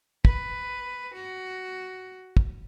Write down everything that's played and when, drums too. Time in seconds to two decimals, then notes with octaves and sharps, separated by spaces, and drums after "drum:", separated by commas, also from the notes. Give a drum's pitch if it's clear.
0.25 B4, drum: kick
1.15 F#4
2.37 drum: kick